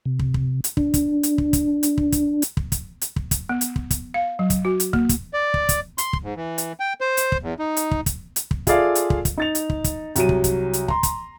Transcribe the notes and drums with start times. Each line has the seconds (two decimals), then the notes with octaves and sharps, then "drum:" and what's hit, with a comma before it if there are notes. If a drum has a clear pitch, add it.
0.06 C3
0.19 drum: kick
0.34 drum: kick
0.64 drum: hi-hat
0.77 D4, drum: kick
0.94 drum: kick, hi-hat
1.23 drum: hi-hat
1.38 drum: kick
1.53 drum: kick, hi-hat
1.83 drum: hi-hat
1.98 drum: kick
2.12 drum: kick, hi-hat
2.42 drum: hi-hat
2.57 drum: kick
2.72 drum: kick, hi-hat
3.01 drum: hi-hat
3.16 drum: kick
3.31 drum: kick, hi-hat
3.49 B3
3.61 drum: hi-hat
3.76 drum: kick
3.91 drum: kick, hi-hat
4.14 F5
4.39 F#3
4.50 drum: kick, hi-hat
4.65 F#4
4.80 drum: hi-hat
4.93 A#3, drum: kick
5.09 drum: kick, hi-hat
5.33 D5
5.54 drum: kick
5.69 drum: kick, hi-hat
5.98 C6, drum: hi-hat
6.13 drum: kick
6.24 G#2
6.36 E3
6.58 drum: hi-hat
6.80 G5
7.01 C5
7.17 drum: hi-hat
7.32 drum: kick
7.43 E2
7.59 D#4
7.77 drum: hi-hat
7.91 drum: kick
8.06 drum: kick, hi-hat
8.36 drum: hi-hat
8.51 drum: kick
8.67 F4 G#4 A4 D5 E5 F5, drum: kick, hi-hat
8.95 drum: hi-hat
9.10 drum: kick
9.25 drum: kick, hi-hat
9.37 D#4 A6 F7
9.55 drum: hi-hat
9.70 drum: kick
9.84 drum: kick, hi-hat
10.16 C2 F#3 D#7, drum: hi-hat
10.29 drum: kick
10.44 drum: kick, hi-hat
10.73 drum: hi-hat
10.88 A#5 C6, drum: kick
11.03 drum: kick, hi-hat